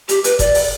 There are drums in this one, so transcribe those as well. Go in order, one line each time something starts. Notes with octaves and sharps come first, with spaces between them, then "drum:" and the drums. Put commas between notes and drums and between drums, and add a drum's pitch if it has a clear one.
G4, drum: hi-hat
B4, drum: hi-hat
D5, drum: kick F#1, hi-hat
drum: open hi-hat